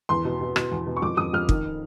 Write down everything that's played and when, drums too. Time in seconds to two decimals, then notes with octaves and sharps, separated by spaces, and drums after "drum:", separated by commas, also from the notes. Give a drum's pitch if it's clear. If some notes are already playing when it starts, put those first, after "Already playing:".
0.09 E2 C6
0.25 B2
0.41 B2
0.56 B2, drum: rim click
0.72 E2
0.87 B2
0.97 C#6
1.02 F2 D6
1.17 F2 D#6
1.33 F2 F6
1.49 D#3, drum: kick